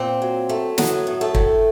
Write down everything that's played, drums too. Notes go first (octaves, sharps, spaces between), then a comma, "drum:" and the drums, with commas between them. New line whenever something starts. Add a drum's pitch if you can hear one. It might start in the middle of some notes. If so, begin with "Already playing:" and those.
Already playing: A#2 C4 C5
F#3
A3
F#3 B3 B4, drum: snare
A2
A3 A4
A2, drum: kick